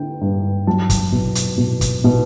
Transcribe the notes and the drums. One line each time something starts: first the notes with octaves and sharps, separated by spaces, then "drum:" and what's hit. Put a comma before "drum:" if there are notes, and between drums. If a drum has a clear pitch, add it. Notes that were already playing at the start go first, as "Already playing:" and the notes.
Already playing: D3 G5
G2
F#3 A5
drum: kick, hi-hat
B2
drum: hi-hat
B2
drum: kick, hi-hat
B2